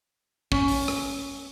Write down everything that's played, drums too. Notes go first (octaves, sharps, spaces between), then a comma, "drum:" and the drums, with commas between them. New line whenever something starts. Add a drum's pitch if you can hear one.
C#4, drum: kick
drum: open hi-hat
drum: rim click